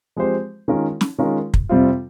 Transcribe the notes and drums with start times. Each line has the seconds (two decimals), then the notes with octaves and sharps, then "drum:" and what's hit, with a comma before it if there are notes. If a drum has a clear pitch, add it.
0.16 F3 G#3 C4 G4 C5
0.68 D#3 G#3 C#4 F4 A#4
1.01 drum: snare
1.18 D#3 G#3 C#4 F4 A#4
1.54 drum: kick
1.69 F2 C3 G3 C4 F4